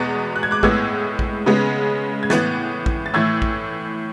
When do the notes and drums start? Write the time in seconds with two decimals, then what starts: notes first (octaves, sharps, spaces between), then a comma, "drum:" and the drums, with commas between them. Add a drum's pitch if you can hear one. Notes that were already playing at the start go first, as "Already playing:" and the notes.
Already playing: E2 B2 G#3 B3 F#6 A6
0.36 F#6
0.43 G#6
0.51 D6 F#6
0.63 A2 G#3 B3 E6 G#6, drum: kick
1.19 drum: kick
1.46 C#3 G#3 B3
2.23 G#6
2.30 A2 E3 B3 F#6 A6, drum: snare
2.86 drum: kick
3.06 A6
3.14 A2 E3 A3 E6 G#6
3.42 drum: kick